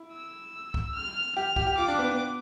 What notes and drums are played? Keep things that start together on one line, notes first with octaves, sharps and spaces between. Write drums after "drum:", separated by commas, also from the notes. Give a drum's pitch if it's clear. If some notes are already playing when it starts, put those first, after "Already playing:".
Already playing: E4
E6
drum: kick
F6
G4 F6
G4, drum: kick
G4
F4 D6
D4
B3
B3